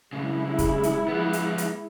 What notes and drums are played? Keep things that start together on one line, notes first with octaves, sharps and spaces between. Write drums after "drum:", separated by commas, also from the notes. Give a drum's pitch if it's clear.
B1 C#3 G#3 E4
drum: kick, hi-hat
drum: hi-hat
F3 B3
drum: hi-hat
drum: hi-hat